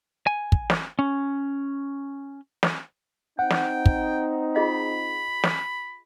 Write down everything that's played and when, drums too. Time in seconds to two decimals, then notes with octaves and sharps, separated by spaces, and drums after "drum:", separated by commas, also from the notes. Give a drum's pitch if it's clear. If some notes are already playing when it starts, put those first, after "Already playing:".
0.27 G#5
0.52 drum: kick
0.70 drum: snare
0.99 C#4
2.63 drum: snare
3.39 C4 D#4 F#5 G5
3.50 drum: snare
3.86 drum: kick
4.56 F4 G#4 D#5 B5
5.44 drum: snare